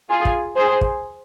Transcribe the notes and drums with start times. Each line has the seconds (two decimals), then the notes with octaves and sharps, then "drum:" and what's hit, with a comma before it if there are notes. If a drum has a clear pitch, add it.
0.09 F4 G#4
0.25 drum: kick
0.56 G#4 C5
0.81 drum: kick